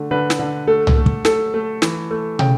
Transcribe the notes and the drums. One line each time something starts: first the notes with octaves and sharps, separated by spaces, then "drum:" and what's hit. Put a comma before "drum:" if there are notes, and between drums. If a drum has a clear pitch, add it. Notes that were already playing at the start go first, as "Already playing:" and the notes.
Already playing: D3 A3
D3 B4
drum: snare
D3
A3 A4
drum: tom C2
A3
drum: kick
A3 A4, drum: snare
A3
E3, drum: snare
A3
C#3 G5, drum: tom